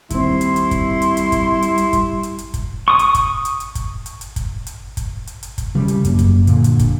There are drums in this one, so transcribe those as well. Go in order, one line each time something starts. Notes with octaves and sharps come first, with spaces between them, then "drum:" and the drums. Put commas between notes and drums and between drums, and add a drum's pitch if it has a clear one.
D#2 G3 C4 E4 C6, drum: kick, hi-hat
drum: hi-hat
drum: hi-hat
drum: kick, hi-hat
drum: hi-hat
drum: hi-hat
drum: kick, hi-hat
drum: hi-hat
drum: hi-hat
drum: kick, hi-hat
drum: hi-hat
drum: hi-hat
drum: kick, hi-hat
C#6 D#6
drum: hi-hat
drum: kick, hi-hat
drum: hi-hat
drum: hi-hat
drum: kick, hi-hat
drum: hi-hat
drum: hi-hat
drum: kick, hi-hat
drum: hi-hat
drum: kick, hi-hat
drum: hi-hat
drum: hi-hat
drum: kick, hi-hat
C#3 G3
drum: hi-hat
F#2 A#3, drum: hi-hat
drum: kick, hi-hat
A#2 D3, drum: hi-hat
drum: hi-hat
drum: kick, hi-hat